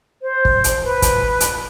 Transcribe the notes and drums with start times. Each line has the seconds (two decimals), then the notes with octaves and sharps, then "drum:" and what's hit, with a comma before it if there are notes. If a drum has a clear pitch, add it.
0.21 C5
0.45 drum: kick
0.64 drum: hi-hat
0.83 B4
1.02 drum: kick, hi-hat
1.40 drum: hi-hat